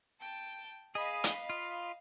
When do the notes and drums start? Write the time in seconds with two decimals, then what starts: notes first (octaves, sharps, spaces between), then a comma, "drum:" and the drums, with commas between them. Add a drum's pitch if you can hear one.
0.20 G5 A5
0.95 G#4 D#5 F5 B5 D#7
1.24 drum: hi-hat
1.50 F4